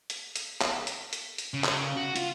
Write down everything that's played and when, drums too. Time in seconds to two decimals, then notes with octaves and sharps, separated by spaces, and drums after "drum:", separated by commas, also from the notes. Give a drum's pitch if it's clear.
0.10 drum: hi-hat
0.36 drum: hi-hat
0.61 drum: clap
0.87 drum: hi-hat
1.13 drum: hi-hat
1.38 drum: hi-hat
1.54 C#3
1.64 drum: clap
1.97 F#4
2.16 F4, drum: hi-hat